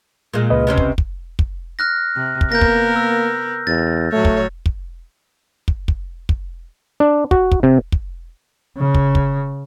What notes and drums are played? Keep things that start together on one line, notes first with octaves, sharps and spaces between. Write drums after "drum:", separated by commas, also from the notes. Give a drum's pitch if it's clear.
A#2 G#3
C#2 B4 D#5
C3 C4 C#4
drum: kick
drum: kick
drum: kick
F6 F#6 A#6
C3
drum: kick
A#3 B3 A#4 G6 A#6
drum: kick
E6
E2 A6
A2 F#3 A3 C#5
drum: kick
drum: kick
drum: kick
drum: kick
drum: kick
D4
F#4, drum: kick
drum: kick
C3
drum: kick
C#3
drum: kick
drum: kick